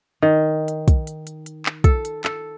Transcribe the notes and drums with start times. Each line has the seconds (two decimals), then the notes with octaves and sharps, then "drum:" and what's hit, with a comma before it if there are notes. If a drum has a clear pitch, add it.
0.22 D#3
0.68 drum: hi-hat
0.88 drum: kick, hi-hat
1.07 drum: hi-hat
1.27 drum: hi-hat
1.46 drum: hi-hat
1.66 drum: clap
1.84 A4, drum: kick, hi-hat
2.05 drum: hi-hat
2.24 A4, drum: clap